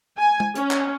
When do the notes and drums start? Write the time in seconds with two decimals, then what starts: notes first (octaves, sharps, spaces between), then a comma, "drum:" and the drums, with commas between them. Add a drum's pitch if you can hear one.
0.18 G#5
0.40 drum: tom G#3
0.55 C#4, drum: hi-hat
0.71 drum: clap